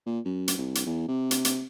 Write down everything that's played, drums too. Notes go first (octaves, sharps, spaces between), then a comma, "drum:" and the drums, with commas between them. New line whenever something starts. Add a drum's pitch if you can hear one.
A#2
F#2
drum: hi-hat
C2
drum: hi-hat
E2
C3
drum: hi-hat
drum: hi-hat